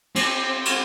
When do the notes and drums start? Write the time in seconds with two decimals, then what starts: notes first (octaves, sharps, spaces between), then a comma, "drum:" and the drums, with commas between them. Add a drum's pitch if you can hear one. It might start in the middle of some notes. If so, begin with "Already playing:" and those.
0.16 C4, drum: cymbal
0.65 drum: cymbal